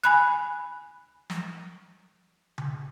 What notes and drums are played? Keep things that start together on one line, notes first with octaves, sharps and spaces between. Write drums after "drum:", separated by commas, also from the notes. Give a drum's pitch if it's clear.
G#5 B5 F#6, drum: hi-hat
drum: snare
drum: tom C#3